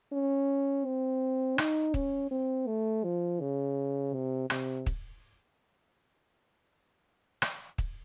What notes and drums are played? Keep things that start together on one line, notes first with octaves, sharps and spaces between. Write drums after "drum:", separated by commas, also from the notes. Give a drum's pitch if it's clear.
C#4
C4
D#4, drum: rim click
C#4, drum: kick
C4
A3
F3
C#3
C3
C3, drum: rim click
drum: kick
drum: rim click
drum: kick